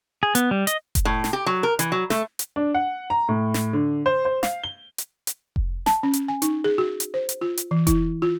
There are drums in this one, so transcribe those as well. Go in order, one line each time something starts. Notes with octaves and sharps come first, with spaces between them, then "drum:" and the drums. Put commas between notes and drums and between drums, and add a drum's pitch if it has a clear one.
G#4
B3, drum: hi-hat
G3
D#5, drum: hi-hat
drum: kick F1, hi-hat
A2
drum: snare
G4
F#3
A#4
E3, drum: hi-hat
F#3
A3, drum: snare
drum: hi-hat
D4
F#5
A#5
A2
drum: snare
D3
C5
C5
F5, drum: snare
G7
drum: hi-hat
drum: hi-hat
drum: kick F1
A5, drum: snare
C#4
drum: hi-hat
G#5
D#4, drum: hi-hat
G#4
F#4
drum: hi-hat
C5
drum: hi-hat
F4
drum: hi-hat
E3
E4, drum: kick F1, hi-hat
F4